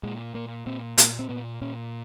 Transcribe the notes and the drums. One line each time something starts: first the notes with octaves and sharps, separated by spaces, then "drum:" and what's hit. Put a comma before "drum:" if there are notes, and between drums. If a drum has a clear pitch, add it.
A#2 G#3
A#2 A#3
A#2 C4
A#2 A#3, drum: hi-hat
C4
A#2 B3
A#2 C#4